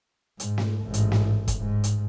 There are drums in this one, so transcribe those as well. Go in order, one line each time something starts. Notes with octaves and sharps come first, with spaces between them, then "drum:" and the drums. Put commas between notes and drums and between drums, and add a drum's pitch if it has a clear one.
G#2, drum: hi-hat
drum: snare
A1 G#2
drum: hi-hat
drum: snare
drum: kick, hi-hat
G#2
drum: hi-hat